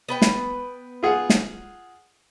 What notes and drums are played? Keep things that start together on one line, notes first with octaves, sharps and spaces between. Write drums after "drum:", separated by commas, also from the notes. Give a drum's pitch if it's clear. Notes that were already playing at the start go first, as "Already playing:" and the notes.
B3 B4 G5
drum: snare
F4 G#4 F#5
drum: snare